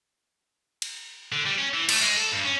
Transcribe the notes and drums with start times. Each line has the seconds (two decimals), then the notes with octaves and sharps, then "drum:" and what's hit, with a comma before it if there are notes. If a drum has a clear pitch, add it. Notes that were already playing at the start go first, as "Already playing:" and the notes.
0.82 drum: cymbal
1.33 D3
1.46 G3
1.58 C#4
1.74 E3
1.89 A3, drum: cymbal
2.02 G#3
2.16 A4
2.32 G2
2.45 C#4